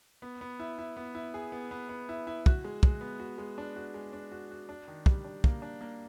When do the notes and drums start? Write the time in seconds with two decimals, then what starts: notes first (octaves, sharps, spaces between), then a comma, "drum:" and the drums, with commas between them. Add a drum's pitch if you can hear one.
0.22 B3
0.41 B3
0.60 E4
0.79 E4
0.97 B3
1.15 E4
1.34 G#4
1.52 B3
1.71 B3
1.89 B3
2.09 E4
2.27 E4
2.46 F#4, drum: kick
2.64 G#3
2.83 G#3, drum: kick
3.01 B3
3.20 F#4
3.38 G#3
3.58 D4
3.76 F#4
3.94 G#3
4.13 D4
4.32 F#4
4.51 F#4
4.69 D4
4.88 D#3
5.06 G3, drum: kick
5.24 D4
5.44 A#3, drum: kick
5.62 D4
5.81 A#3